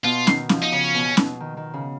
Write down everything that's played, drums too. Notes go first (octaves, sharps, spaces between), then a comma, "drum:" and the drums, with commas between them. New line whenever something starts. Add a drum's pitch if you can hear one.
B2 F4
D#3, drum: snare
F3, drum: snare
D#4
C#3 C#4
B2
B2, drum: snare
D#3
D#3
C#3